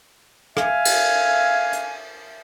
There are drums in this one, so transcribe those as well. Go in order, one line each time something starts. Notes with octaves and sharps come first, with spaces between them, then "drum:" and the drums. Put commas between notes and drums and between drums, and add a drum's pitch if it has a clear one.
E5 F5 G#5, drum: rim click
drum: cymbal
drum: hi-hat